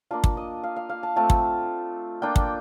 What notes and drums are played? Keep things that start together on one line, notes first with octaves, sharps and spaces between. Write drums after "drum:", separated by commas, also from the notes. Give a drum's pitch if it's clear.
A#3 D4 F4 A5
drum: kick
D#5
F5
F5
F5
A5
A3 C4 F4 A5
drum: kick
A#3 D4 F4 G5
drum: kick